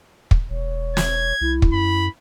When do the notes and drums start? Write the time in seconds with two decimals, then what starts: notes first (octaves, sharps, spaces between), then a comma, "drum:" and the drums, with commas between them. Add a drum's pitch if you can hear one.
0.31 drum: kick
0.50 E1 C#5
0.97 G#6, drum: snare
1.41 C2 E4
1.62 drum: kick
1.73 F#2 B5